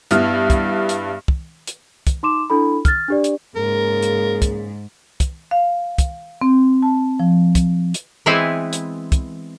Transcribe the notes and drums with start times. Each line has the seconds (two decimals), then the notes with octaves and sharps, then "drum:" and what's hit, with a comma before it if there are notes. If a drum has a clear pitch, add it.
0.11 G2 B3 E4 F6, drum: hi-hat
0.50 drum: kick, hi-hat
0.89 drum: hi-hat
1.28 drum: kick
1.67 drum: hi-hat
2.07 drum: kick, hi-hat
2.23 D#4 C6 D6 E7
2.50 D4 E4 A4 B5
2.85 F6 A6, drum: kick, hi-hat
3.08 D4 G4 D5
3.24 drum: hi-hat
3.56 G#2 C#3 A#3 G#4 A#4
4.03 drum: hi-hat
4.42 drum: kick, hi-hat
5.20 drum: kick, hi-hat
5.51 F5
5.98 drum: kick, hi-hat
6.42 C4
6.82 A5
7.20 F3
7.55 drum: kick, hi-hat
7.94 drum: hi-hat
8.26 E3 G#3 B3 C4 E4 E5
8.73 drum: hi-hat
9.12 drum: kick, hi-hat